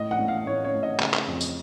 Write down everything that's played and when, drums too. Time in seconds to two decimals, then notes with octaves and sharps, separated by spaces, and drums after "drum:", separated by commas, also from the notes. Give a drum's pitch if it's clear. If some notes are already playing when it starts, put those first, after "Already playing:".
Already playing: A2 D#5
0.11 F#5
0.19 A2
0.28 F5
0.46 A2 C#5
0.64 C#5
0.74 A2
0.83 D#5
1.00 C#3, drum: clap
1.14 drum: clap
1.27 F2
1.41 drum: tambourine